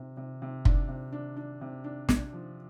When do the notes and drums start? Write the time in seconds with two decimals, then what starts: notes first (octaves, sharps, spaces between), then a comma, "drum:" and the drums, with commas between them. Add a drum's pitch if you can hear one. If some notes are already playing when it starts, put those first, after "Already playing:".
Already playing: C3
0.17 C3
0.42 C3
0.65 D4, drum: kick
0.89 C3
1.13 D4
1.36 D4
1.61 C3
1.84 D4
2.09 D4, drum: snare
2.33 F3